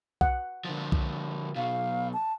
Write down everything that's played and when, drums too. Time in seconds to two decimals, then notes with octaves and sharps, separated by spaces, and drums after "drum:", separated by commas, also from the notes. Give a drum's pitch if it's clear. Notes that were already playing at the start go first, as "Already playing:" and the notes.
0.21 F#5, drum: kick B1
0.65 D3 F3
0.92 drum: kick B1
1.56 B1 B2 F5
2.13 A5